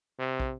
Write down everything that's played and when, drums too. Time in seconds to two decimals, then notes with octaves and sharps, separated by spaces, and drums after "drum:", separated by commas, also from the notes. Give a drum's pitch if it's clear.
0.19 C3
0.40 drum: kick